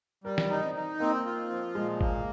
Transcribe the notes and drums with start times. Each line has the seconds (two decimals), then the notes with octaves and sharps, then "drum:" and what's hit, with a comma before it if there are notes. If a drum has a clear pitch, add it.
0.24 G3 A#4
0.38 drum: snare
0.50 D#4
0.63 C4
0.75 D#4
1.00 A#3 C4
1.26 F4
1.50 F3
1.75 A#2 G#3
2.01 A#3, drum: kick